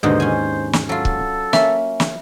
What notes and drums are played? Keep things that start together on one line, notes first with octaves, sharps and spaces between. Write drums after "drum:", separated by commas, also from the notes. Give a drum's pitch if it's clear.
D#2 G#2 B2 D3 D#4 C5
C#4 G#5
drum: snare
F#3 F4 A4
drum: kick
A#3 C#4 E5, drum: snare
drum: snare